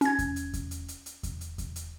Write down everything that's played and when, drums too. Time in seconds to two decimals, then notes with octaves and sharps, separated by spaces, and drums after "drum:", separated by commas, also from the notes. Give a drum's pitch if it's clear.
0.01 C#4 G#6, drum: hi-hat
0.19 drum: kick E2, hi-hat
0.36 drum: hi-hat
0.53 drum: kick E2, hi-hat
0.71 drum: hi-hat
0.88 drum: hi-hat
1.06 drum: hi-hat
1.23 drum: kick E2, hi-hat
1.41 drum: hi-hat
1.58 drum: kick E2, hi-hat
1.76 drum: hi-hat